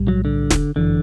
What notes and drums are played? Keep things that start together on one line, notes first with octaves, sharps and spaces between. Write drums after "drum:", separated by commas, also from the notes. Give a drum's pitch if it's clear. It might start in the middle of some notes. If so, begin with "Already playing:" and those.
Already playing: B1 A2 G3
F#3
D3
drum: snare
G1 F#2 D3 E3